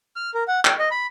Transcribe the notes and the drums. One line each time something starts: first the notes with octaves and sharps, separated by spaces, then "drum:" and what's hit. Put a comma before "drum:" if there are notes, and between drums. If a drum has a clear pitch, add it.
F6
A#4
F#5
G5, drum: clap
D#5
B5